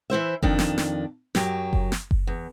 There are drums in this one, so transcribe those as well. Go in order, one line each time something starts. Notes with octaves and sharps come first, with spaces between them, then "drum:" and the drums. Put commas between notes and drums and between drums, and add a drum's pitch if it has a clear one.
E3 E4 C5 E5
F2 D#3 D4, drum: kick F#1
drum: snare
drum: snare
F#2 F#3 G4, drum: snare
drum: kick F#1
drum: snare
drum: kick F#1
E2